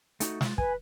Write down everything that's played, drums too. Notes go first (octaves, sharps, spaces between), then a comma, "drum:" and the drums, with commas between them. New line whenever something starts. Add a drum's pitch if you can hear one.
A3 D#4 F#4, drum: hi-hat
G#3 F4, drum: snare
B4 G#5, drum: kick